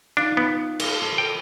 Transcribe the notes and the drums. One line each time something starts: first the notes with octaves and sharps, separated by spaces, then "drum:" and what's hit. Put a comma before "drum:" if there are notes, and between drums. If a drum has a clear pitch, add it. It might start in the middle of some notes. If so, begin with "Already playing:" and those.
D#3 D4 F4
B3
A#3, drum: cymbal
A4
G5